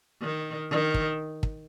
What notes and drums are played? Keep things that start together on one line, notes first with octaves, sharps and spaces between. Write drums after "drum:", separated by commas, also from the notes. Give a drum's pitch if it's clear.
D#3
D#3
drum: kick
drum: kick